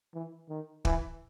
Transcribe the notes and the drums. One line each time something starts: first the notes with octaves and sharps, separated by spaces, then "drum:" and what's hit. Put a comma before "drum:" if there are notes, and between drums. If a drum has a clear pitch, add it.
E3
D#3
E3, drum: kick